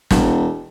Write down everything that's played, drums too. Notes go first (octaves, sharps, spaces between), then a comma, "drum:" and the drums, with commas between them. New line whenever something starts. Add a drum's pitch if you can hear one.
E1, drum: snare